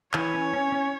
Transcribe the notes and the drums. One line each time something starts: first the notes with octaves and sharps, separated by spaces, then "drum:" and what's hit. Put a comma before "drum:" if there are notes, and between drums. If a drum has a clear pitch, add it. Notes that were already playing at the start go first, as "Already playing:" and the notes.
E3 C#5, drum: clap
C#4
C#4
C#4